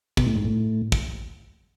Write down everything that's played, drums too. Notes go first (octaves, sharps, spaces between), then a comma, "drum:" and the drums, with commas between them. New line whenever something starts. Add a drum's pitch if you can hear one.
B2, drum: kick
A2
G#2
A2
drum: kick